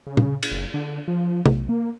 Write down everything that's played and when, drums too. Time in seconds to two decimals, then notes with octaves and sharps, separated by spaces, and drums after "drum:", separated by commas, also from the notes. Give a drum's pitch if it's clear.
0.07 C#3
0.17 drum: tom
0.43 drum: cymbal
0.52 F#1
0.74 D3
1.08 F3
1.46 B1, drum: tom C3
1.69 A#3